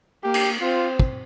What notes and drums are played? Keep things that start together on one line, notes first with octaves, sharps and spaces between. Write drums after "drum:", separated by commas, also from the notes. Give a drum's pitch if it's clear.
A#3 G4
drum: cymbal
C4 F4
drum: kick